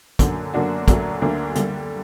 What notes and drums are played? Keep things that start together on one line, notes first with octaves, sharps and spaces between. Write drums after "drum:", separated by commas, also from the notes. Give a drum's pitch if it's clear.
F#2 D3 A#3 D4 F#4, drum: kick, hi-hat
F#2 D3 A#3 D4 F#4
D2 D3 F#3 A#3 D4, drum: kick, hi-hat
D2 D3 F#3 A#3 D4
D3 G3 A#3, drum: hi-hat